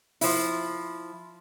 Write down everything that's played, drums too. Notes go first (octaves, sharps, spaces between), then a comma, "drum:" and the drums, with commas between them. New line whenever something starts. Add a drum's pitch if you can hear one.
F3 E4, drum: open hi-hat